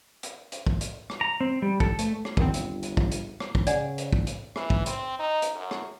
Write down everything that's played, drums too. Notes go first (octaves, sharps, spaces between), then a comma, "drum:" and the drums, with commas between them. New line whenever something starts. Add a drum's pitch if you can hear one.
drum: hi-hat
drum: hi-hat
drum: kick
drum: hi-hat
drum: rim click
A#5
C4
G3
A4, drum: kick
A3, drum: hi-hat
drum: rim click
G1 E2 D#3 C4, drum: kick
drum: hi-hat
drum: hi-hat
drum: kick
drum: hi-hat
drum: rim click
drum: kick
C#3 D5 F#5 G#5, drum: hi-hat
drum: hi-hat
drum: kick
drum: hi-hat
E3, drum: rim click
drum: kick
C4, drum: hi-hat
D#4
drum: hi-hat
F#2
drum: rim click